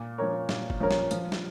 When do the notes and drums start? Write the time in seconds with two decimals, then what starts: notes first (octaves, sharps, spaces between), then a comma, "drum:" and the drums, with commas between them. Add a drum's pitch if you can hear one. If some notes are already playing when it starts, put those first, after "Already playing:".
Already playing: A#2
0.18 F3 C#4 A#4 C#5
0.49 A#2, drum: snare
0.70 drum: kick G1
0.80 F3 C#4 A#4 C#5
0.91 drum: snare
1.11 F3, drum: hi-hat
1.32 drum: snare